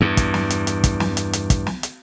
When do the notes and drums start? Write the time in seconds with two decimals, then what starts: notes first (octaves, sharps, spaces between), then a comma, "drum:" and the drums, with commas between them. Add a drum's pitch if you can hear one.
0.01 E2 G2
0.17 drum: kick, hi-hat
0.34 drum: snare
0.50 drum: hi-hat
0.67 drum: hi-hat
0.84 drum: kick, hi-hat
1.00 drum: snare
1.17 drum: hi-hat
1.33 drum: hi-hat
1.50 drum: kick, hi-hat
1.67 drum: snare
1.83 drum: hi-hat